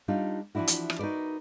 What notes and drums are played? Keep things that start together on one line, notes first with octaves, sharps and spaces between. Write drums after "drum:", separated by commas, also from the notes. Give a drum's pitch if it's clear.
G3 D4 D#4 F4
E3 F3 D4 E4 F#4
drum: hi-hat
drum: rim click
D#4 F#4 A#4 B4 D5